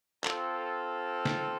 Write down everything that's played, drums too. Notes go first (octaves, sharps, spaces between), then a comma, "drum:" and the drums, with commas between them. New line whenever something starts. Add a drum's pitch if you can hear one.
C4 F4 A4, drum: clap
drum: snare